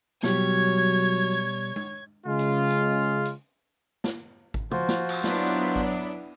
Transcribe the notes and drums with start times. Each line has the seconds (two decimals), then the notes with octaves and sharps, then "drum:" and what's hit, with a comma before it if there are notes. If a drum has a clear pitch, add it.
0.23 B2 F#3 G3 G4 C#5 G#6, drum: snare
1.76 drum: tom G#3
2.26 C#3 G#3 F4
2.39 drum: hi-hat
2.70 drum: hi-hat
3.25 drum: hi-hat
4.04 drum: snare
4.54 drum: kick G#1
4.71 F3 F4 F#4 C5, drum: tom
4.89 drum: snare
5.09 drum: cymbal
5.24 F#3 B3 D4 E4, drum: snare
5.76 drum: kick G#1